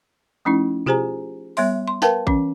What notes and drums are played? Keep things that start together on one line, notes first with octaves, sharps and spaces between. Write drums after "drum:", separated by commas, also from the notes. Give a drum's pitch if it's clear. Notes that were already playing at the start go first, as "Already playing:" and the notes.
F3 A3 C#4 D#4 E4
F4 G4 G#4 C5 G#5 A#5, drum: tom B2
G3 B3 C#5 E5 C6, drum: open hi-hat
C6
A#4 B4 F5 G5 A5, drum: snare
E3 C#4, drum: kick A#1